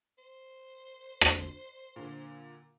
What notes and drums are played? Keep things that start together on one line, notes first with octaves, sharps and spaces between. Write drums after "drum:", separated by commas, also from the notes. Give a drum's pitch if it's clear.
C5
drum: rim click
A#2 D3